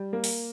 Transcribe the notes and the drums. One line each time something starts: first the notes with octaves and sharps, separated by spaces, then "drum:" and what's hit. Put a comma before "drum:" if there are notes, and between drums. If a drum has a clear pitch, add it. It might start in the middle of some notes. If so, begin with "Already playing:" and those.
Already playing: G3
A#3
drum: open hi-hat